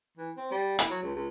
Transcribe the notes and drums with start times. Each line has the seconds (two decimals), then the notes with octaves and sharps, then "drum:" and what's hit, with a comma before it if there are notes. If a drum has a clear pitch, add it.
0.18 E3
0.37 C4
0.51 G3
0.79 E4, drum: hi-hat
0.91 F#3
1.03 C#2
1.15 C#2